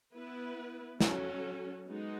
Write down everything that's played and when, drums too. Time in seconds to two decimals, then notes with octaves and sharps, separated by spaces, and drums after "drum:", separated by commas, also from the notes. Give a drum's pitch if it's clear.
0.14 B3 E4 B4
1.00 F#3 C#4 F#4 A4, drum: snare
1.87 G#3 B3 D#4 F#4